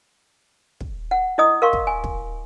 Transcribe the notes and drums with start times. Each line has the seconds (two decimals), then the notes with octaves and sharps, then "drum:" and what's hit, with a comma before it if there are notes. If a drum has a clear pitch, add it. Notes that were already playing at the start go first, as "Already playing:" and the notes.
0.81 drum: kick
1.11 F#5
1.38 E4 D#5 D#6
1.62 A#4 F5 C6 C#6
1.73 drum: kick
1.87 G#5
2.04 drum: kick